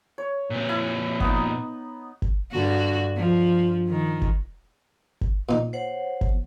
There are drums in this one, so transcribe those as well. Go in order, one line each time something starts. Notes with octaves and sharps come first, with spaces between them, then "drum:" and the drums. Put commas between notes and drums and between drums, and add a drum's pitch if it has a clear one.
C#5
A#2 C4
E4
B3 D#4, drum: kick G1
drum: kick G1
G2 D3 F#4
F3
D#3
drum: kick G1
drum: kick G1
A#2 D#4
C5 C#5 F#5
drum: kick G1